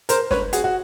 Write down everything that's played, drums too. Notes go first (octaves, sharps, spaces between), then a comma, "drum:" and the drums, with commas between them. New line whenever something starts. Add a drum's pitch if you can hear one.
A#4 C5, drum: hi-hat
B4 C#5, drum: snare
F#4 G#4, drum: hi-hat
F#4